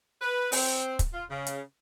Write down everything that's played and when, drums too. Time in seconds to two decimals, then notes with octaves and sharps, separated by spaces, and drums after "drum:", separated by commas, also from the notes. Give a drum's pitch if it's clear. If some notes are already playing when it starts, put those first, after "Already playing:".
0.22 B4
0.52 C4, drum: open hi-hat
0.99 drum: kick, hi-hat
1.13 F4
1.30 C#3
1.47 drum: hi-hat